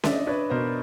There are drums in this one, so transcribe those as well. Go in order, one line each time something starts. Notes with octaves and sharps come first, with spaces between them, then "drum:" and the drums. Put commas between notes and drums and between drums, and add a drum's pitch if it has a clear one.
D4 D5 E5, drum: snare C#4
D#5
D5
D4 B4 C#5
B2 A#4 C5